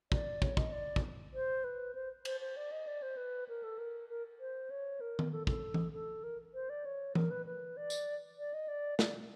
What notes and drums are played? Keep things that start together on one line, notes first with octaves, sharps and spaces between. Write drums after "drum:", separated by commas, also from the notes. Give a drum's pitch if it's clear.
D5, drum: kick
C#5, drum: kick
D#5, drum: kick
D5
drum: kick
C5
B4
C5
C5, drum: cymbal
C5
D5
D#5
D5
C5
B4
A#4
A4
A#4
A#4
C5
C#5
A#4
drum: tom D#3
A4
A4, drum: kick
drum: tom E3
A4
A#4
C5
D5
C#5
A#4, drum: tom E3
B4
B4
D5
drum: tambourine
D5
D#5
D5
D5, drum: snare